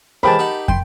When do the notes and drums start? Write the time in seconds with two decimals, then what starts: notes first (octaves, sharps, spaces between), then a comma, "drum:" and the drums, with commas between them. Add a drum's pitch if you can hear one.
0.23 C3 E3 G#3 A#4 G5 A5 B5
0.39 D#4 G4 F#5
0.68 G5 C6, drum: kick